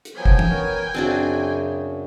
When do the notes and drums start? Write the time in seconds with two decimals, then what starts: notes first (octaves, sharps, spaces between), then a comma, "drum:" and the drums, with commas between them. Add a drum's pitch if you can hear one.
0.05 drum: hi-hat
0.15 F3 F#3 B3 G5 G#5
0.25 drum: kick
0.39 drum: tom
0.50 B3 A#4 C#5
0.94 F#2 C#3 C4 D4 F#4